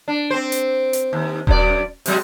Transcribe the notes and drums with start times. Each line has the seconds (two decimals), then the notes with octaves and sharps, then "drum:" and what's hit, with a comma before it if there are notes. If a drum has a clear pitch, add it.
0.08 D4
0.30 C4 C5
0.52 drum: hi-hat
0.93 drum: hi-hat
1.13 D#2
1.47 F#2 D5, drum: kick D#1
2.06 C3 F#3 G#3, drum: open hi-hat